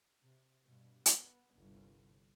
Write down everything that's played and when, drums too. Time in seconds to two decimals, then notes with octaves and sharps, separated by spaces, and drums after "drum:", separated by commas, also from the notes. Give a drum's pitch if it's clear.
0.22 C3
0.66 G2 B2
1.06 B3, drum: hi-hat
1.58 G1 C2